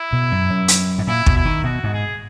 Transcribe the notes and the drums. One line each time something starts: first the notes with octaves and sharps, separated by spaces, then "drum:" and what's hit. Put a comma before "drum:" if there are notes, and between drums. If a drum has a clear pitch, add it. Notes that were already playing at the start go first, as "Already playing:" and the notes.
Already playing: E4
B2
F#2
F#2
drum: hi-hat
G#2
A#2 E4
B2, drum: kick
E4
D#3
B2 F#4
G#2
G#4